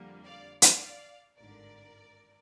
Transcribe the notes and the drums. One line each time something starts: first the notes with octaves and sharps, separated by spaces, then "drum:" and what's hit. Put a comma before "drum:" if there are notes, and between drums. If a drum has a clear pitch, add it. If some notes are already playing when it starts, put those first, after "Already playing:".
Already playing: F2 D3 G3 A#3
D5 F5
D5 F5, drum: hi-hat
G#1 G2 D3 A#4 D5